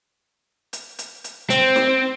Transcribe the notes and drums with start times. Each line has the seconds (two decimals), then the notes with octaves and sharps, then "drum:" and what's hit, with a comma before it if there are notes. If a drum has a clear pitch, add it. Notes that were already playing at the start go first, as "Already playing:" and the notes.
0.73 drum: hi-hat
0.99 drum: hi-hat
1.24 drum: hi-hat
1.50 C4, drum: hi-hat
1.76 drum: snare